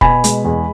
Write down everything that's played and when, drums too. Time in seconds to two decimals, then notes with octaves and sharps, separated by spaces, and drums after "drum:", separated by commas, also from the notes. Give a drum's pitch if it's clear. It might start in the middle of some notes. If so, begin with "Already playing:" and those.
0.01 B2 G#5 B5, drum: kick
0.24 G#3, drum: hi-hat
0.45 E2